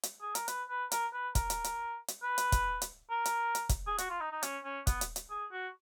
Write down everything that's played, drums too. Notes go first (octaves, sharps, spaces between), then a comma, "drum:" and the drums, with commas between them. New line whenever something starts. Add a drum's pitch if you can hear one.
drum: hi-hat
G#4
A#4, drum: hi-hat
B4, drum: hi-hat
B4
A#4, drum: hi-hat
B4
A#4, drum: kick, hi-hat
drum: hi-hat
drum: hi-hat
drum: hi-hat
B4
drum: hi-hat
drum: kick, hi-hat
drum: hi-hat
A#4
drum: hi-hat
drum: hi-hat
drum: kick, hi-hat
G#4
F#4, drum: hi-hat
F4
D#4
D#4
C#4, drum: hi-hat
C#4
B3, drum: kick, hi-hat
drum: hi-hat
drum: hi-hat
G#4
F#4